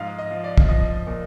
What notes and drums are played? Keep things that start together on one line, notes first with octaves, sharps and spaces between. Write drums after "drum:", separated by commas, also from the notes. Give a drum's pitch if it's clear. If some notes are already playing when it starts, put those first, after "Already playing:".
Already playing: G#2 F3 F5
D#5
F3
D5
drum: kick
F3 D#5
A#2